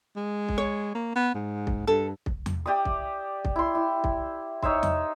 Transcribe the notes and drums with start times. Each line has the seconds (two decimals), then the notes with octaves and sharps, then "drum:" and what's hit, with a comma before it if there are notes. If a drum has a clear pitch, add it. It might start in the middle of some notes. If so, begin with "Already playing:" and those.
0.16 G#3
0.49 drum: kick
0.58 C#5
0.95 A#3
1.16 B3
1.34 G#2
1.67 drum: kick
1.87 G2 A4
2.26 drum: kick
2.46 drum: tom E2
2.66 G4 D5 E5 D#6
2.85 drum: kick
3.45 drum: kick
3.56 E4 C6
3.75 E4
4.04 drum: kick
4.62 D#4 C#5 E5 C6, drum: kick
4.83 drum: tom E2